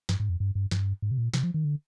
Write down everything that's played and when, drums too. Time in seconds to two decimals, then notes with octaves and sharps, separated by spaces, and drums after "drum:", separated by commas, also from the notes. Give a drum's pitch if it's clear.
0.09 G2, drum: snare
0.20 G#2
0.29 F2
0.40 G2
0.55 G2
0.71 G2, drum: snare
1.02 G#2
1.11 C3
1.18 A#2
1.34 C3, drum: snare
1.43 F3
1.54 D#3
1.65 D3